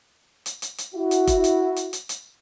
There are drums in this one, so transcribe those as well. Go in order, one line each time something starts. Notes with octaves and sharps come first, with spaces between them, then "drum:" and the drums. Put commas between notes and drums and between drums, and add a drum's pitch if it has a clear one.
drum: hi-hat
drum: hi-hat
drum: hi-hat
E4 F#4
drum: hi-hat
drum: kick F1, hi-hat
drum: hi-hat
drum: hi-hat
drum: hi-hat
drum: hi-hat